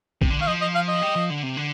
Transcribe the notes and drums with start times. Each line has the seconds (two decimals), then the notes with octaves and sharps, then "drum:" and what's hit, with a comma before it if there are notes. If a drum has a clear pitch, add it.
0.22 C3, drum: kick A#1
0.30 D3
0.39 D#3 F5
0.47 F3 D#5
0.61 D#5
0.75 F5
0.88 D#5
1.02 G3
1.16 F3
1.30 D3
1.43 C3
1.57 D3